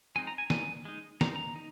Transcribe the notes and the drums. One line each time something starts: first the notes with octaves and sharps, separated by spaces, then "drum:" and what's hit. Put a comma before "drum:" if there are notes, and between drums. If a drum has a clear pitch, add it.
F3 G#3 C4 D#4 G#5
A#5
G#5
F3 A#3 D#4 G#5, drum: snare
G#3 D#4
F3 C4 D#4 A#5, drum: snare
A#5
D#4